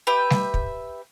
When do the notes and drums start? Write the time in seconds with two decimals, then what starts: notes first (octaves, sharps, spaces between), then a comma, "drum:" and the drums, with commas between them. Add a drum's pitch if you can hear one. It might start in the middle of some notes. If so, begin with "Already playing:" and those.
0.07 G4 B4 E5 G5
0.30 drum: snare G3
0.54 drum: kick